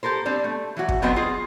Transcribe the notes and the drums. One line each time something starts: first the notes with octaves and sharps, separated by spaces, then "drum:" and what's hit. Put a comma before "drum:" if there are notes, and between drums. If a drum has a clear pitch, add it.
G4 A4 A#4 C5
G3 C4 D4
A3
E3 F#3 F#4
drum: kick
D3 F#3 B3 C4 D#5 G5
F4 G#4